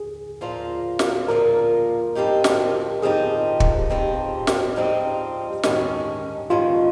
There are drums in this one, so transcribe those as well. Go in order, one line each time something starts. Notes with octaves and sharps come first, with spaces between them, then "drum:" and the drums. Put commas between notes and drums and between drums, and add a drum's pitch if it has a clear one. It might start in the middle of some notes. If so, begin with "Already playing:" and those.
Already playing: G#4
A#2 F3 A#3 F4
drum: snare
A#2 F3 A#3 F4 A#4
G2 F3 C4 D#4 G4
drum: snare
G2 F3 C4 D#4 G4 G#4
drum: kick
G2 F3 C4 D#4 G4
drum: snare
G2 F3 C4 D#4 G4
G2 D#3 G#3 C#4, drum: snare
G2 D#3 G#3 C#4 F4